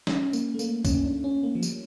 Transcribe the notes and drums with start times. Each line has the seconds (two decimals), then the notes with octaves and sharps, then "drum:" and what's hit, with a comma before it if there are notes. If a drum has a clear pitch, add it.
0.07 C#4, drum: snare
0.33 A#3, drum: tambourine
0.54 A3
0.59 A#3, drum: tambourine
0.85 C#4, drum: kick, tambourine
1.05 D4
1.24 C#4
1.43 A#3
1.55 F3
1.63 G3, drum: tambourine